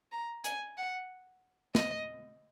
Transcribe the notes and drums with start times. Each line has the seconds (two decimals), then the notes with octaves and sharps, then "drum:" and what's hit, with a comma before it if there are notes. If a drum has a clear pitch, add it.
0.12 A#5
0.44 G#5, drum: hi-hat
0.77 F#5
1.75 D#5, drum: snare